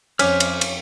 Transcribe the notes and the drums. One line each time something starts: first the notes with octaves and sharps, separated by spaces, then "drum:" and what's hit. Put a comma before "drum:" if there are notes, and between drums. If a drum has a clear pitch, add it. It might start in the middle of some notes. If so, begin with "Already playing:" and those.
F2 C#4 C5 C#5 D6 F6 B6, drum: cymbal
drum: cymbal
drum: cymbal